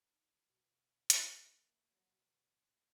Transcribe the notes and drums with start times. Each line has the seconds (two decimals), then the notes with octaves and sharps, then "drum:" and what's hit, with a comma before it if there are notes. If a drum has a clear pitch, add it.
0.06 D#4
0.49 B2
0.63 F4
1.10 A#3, drum: hi-hat
1.27 E5
1.90 F#3
2.08 B2
2.40 D5
2.64 D#5